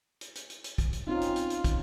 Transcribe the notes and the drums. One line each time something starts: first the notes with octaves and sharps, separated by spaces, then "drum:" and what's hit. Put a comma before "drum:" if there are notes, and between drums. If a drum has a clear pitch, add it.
drum: hi-hat
drum: hi-hat
drum: hi-hat
drum: hi-hat
drum: kick, hi-hat
drum: hi-hat
C4 C#4 D#4 F4
drum: hi-hat
drum: hi-hat
drum: hi-hat
drum: kick, hi-hat